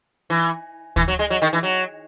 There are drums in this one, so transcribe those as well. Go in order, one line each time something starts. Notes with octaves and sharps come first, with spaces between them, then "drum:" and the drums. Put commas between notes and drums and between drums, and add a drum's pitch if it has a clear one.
E3
E3, drum: kick D2
F#3
G#3
F#3
D#3
E3
F#3